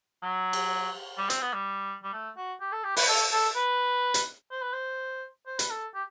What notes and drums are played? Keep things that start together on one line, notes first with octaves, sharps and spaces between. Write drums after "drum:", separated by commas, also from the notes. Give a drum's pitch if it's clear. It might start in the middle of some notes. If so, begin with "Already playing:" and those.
F#3
drum: cymbal
G3
C4, drum: hi-hat
B3
G3
G3
A3
F#4
G4
A4
G4
B4, drum: open hi-hat
A4
A4
B4
drum: hi-hat
C5
B4
C5
C5
B4, drum: hi-hat
A4
G4